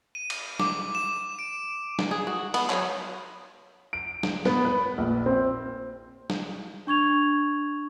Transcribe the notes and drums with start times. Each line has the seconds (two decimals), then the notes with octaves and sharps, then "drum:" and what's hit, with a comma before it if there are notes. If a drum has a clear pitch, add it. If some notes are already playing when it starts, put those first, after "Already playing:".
0.15 D#7
0.30 drum: cymbal
0.60 D6, drum: snare
0.95 E7
1.39 D7
1.99 drum: snare
2.11 G#4
2.27 F#4
2.54 B3, drum: cymbal
2.70 F#3, drum: clap
3.93 D7
4.23 drum: snare
4.45 B3, drum: snare
4.65 B4
4.98 A#1
5.26 C4
6.30 drum: snare
6.87 D4 C#6 G#6 F7